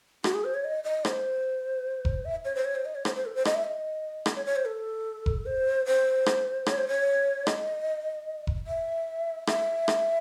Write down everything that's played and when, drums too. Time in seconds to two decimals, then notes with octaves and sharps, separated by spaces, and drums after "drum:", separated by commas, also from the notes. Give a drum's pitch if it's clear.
0.24 F#4, drum: rim click
0.34 G#4
0.44 C5
0.54 C#5
0.64 D#5
0.84 D#5
1.05 C5, drum: rim click
2.05 drum: kick F1
2.25 E5
2.45 C#5
2.55 C5
2.65 C#5
2.75 C5
2.85 D#5
2.95 C#5
3.05 C5, drum: rim click
3.15 C5
3.26 A4
3.35 C5
3.45 D#5, drum: rim click
3.55 E5
3.64 D#5
4.26 drum: rim click
4.35 C#5
4.46 C#5
4.56 C5
4.66 A4
5.26 drum: kick F1
5.46 C5
5.86 C5
6.26 drum: rim click
6.66 C#5, drum: rim click
6.77 C5
6.88 C#5
7.47 D#5, drum: rim click
8.47 drum: kick F1
8.67 E5
9.47 E5, drum: rim click
9.88 drum: rim click